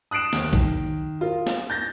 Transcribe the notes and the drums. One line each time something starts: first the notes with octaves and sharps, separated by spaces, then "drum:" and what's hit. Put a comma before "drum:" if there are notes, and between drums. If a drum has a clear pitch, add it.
D#6 F#6 C7 D7 E7
D#2, drum: snare
D#3, drum: kick
F4 A#4
drum: snare
G6 A6 A#6